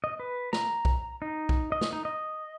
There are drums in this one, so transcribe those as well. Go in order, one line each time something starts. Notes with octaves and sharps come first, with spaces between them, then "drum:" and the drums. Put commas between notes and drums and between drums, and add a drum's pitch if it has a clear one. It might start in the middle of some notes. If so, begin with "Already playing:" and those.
D#5
B4
A#5, drum: snare
drum: kick B1
D#4
drum: kick B1
D#5
drum: snare
D#4
D#5